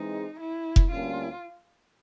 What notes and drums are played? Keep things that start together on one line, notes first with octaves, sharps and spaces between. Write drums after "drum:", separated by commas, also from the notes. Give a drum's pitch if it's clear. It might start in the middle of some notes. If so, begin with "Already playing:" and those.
Already playing: E3 G#3 C4 D#4
E4
drum: kick F1
D2 D3 G3 A#3 C#4 F4